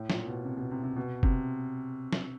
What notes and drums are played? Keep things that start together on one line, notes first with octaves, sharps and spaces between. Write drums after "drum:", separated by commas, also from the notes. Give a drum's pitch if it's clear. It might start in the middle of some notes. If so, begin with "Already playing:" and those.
Already playing: A2
A#2, drum: snare
B2
C3
B2
C3
C3
B2
C3, drum: kick
drum: snare